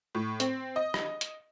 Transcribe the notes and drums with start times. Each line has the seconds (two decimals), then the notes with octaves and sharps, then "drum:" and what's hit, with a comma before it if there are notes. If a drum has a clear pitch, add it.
0.15 A2
0.40 C4, drum: hi-hat
0.76 D#5
0.94 drum: rim click
1.21 drum: hi-hat